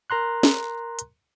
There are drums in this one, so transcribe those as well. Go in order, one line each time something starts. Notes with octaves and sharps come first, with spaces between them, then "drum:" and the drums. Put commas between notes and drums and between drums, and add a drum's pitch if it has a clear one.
A#4 A#5 C6 F#6
drum: snare
drum: hi-hat